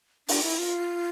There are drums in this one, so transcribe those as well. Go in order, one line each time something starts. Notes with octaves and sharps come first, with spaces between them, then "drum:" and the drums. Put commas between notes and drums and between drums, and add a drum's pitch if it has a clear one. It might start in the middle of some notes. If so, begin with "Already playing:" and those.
D4, drum: open hi-hat
E4
F4